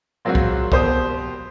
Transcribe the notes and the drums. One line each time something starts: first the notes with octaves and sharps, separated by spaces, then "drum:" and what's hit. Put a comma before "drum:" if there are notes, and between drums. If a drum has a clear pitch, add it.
A#2 F#3 G#3 C4 F4 F#4
drum: kick
B2 G4 C5 D#6, drum: kick